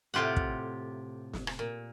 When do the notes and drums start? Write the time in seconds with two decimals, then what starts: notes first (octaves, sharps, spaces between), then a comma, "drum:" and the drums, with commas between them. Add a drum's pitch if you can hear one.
0.14 A2 C3 F4 G4 F#5
0.37 drum: kick
1.33 drum: snare
1.47 drum: rim click
1.59 A#2